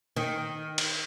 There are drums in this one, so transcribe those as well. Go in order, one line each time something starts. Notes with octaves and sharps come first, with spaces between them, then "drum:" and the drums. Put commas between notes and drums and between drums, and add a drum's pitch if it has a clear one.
D#3
drum: cymbal